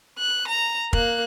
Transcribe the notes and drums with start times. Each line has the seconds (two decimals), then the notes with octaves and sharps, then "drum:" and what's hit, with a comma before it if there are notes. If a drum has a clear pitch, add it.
0.18 F#6
0.48 A#5
0.93 A#3 F#6, drum: kick